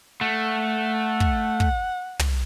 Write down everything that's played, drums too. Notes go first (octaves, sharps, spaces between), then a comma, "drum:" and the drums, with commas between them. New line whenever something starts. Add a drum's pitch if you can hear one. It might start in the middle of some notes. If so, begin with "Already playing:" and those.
A3 F#5
drum: kick
drum: kick
drum: tom